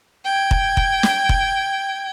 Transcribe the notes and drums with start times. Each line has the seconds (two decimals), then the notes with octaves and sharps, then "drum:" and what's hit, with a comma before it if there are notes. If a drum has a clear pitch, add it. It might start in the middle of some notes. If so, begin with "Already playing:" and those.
0.25 G5 G#6
0.51 drum: kick
0.77 drum: kick
1.03 drum: snare
1.29 drum: kick